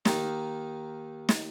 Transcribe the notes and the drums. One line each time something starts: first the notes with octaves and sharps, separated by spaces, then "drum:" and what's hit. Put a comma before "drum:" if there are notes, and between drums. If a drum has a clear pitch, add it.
D#2 D#3 D#4, drum: snare
drum: snare